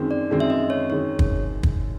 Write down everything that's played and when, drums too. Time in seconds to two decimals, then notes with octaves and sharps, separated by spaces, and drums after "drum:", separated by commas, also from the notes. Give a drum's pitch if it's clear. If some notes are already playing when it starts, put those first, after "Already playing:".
Already playing: F#2 D#3 G#3 C4
0.11 D5
0.30 F#2 D#3 G#3 C4
0.40 E5
0.50 D#5
0.70 C#5
0.90 D#3 G#3 C#5
1.19 drum: kick
1.63 drum: kick